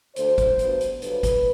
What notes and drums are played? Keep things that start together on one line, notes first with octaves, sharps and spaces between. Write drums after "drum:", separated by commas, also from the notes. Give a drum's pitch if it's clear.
D2 D3 A3 C5, drum: hi-hat
drum: kick, hi-hat
G2 F#3 B3, drum: hi-hat
drum: hi-hat
G2 D3 F#3 B4, drum: hi-hat
drum: kick, hi-hat